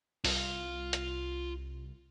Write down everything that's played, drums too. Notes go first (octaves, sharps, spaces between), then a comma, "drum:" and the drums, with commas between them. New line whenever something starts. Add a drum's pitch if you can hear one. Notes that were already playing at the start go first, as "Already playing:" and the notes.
C2 F4, drum: open hi-hat
drum: hi-hat